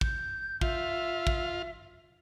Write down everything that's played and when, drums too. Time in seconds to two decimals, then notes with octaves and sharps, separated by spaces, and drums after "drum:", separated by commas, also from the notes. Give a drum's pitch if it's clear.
0.01 G6, drum: kick
0.61 F4 E5, drum: kick
1.27 drum: kick